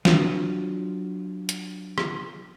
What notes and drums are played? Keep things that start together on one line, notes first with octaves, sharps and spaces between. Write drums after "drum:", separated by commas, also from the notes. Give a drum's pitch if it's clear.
F#3 D4 F4, drum: snare
drum: hi-hat
drum: rim click